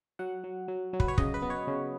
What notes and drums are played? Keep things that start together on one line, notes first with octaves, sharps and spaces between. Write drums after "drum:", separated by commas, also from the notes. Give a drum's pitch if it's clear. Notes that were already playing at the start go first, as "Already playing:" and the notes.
F#3 F#5
F#3
F#3
F#3
B4, drum: kick
C#5
C#3 D#5, drum: kick
B4
B3
C#5
C#3